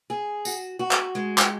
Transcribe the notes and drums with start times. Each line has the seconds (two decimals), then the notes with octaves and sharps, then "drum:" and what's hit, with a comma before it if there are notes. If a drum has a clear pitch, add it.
0.10 G#4
0.45 F#4, drum: tambourine
0.79 F#4
0.91 drum: clap
1.15 G#3
1.38 drum: clap